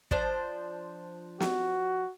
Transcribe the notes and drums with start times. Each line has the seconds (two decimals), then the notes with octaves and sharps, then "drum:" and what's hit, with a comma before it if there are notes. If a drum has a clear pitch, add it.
0.11 F3 D4 C5, drum: kick
1.40 F#4, drum: snare